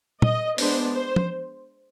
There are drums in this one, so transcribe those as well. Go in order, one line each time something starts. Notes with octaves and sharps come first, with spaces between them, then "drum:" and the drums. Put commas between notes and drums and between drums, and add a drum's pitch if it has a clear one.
D#5, drum: tom A#2
G#3 B3 D4 C5, drum: open hi-hat
C5
drum: tom F3